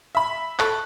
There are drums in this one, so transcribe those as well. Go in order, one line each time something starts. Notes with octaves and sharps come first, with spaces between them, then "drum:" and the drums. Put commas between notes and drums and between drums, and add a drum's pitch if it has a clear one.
E5 B5
A4 C#6 F#6, drum: clap